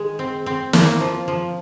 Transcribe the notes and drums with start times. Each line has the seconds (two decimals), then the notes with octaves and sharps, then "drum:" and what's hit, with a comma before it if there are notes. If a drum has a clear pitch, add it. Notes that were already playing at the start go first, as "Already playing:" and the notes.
Already playing: D#3 G#3
0.19 C4
0.46 C4
0.73 A#3 A#5, drum: snare
1.00 F3
1.28 F3